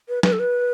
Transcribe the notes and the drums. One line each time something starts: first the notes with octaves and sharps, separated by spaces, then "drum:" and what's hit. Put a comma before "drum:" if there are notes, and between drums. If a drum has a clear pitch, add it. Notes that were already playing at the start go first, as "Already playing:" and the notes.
B4
B4, drum: snare F#3
A4
B4